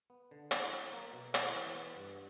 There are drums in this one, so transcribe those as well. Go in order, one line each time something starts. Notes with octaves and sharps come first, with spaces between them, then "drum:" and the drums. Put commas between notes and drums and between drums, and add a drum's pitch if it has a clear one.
B3
D3
E4, drum: hi-hat
F#3
A#3
B2
E4, drum: hi-hat
E3
B3
G2